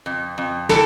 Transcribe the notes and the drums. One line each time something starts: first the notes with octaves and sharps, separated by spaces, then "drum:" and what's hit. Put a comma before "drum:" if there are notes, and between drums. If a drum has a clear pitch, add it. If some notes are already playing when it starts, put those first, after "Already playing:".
F2
F2
E3 A4, drum: snare